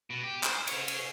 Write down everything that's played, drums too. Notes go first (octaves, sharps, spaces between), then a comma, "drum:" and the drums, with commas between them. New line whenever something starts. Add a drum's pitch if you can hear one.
B2
G4
C5, drum: clap
G#4 C#5, drum: cymbal
drum: cymbal